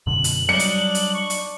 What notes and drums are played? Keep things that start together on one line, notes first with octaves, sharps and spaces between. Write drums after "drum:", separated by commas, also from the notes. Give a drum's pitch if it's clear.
F#2 B2 D3 F#7
drum: hi-hat
F#3 G3 D4 D#4 C#7
drum: hi-hat
drum: hi-hat
C#6
drum: hi-hat